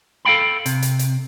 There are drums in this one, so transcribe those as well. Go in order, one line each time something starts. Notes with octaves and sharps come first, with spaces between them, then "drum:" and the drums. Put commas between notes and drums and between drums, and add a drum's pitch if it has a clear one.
A4 F5 G5 B5
C3, drum: hi-hat
drum: hi-hat
drum: hi-hat